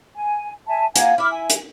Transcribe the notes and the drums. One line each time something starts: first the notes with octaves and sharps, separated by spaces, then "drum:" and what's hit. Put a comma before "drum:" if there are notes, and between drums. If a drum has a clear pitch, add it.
G#5
E5 G#5 A5
A#3 D#4 F4 F#5 G#5 G#6, drum: hi-hat
E4 E5 B5 D6 F6
G#5
drum: hi-hat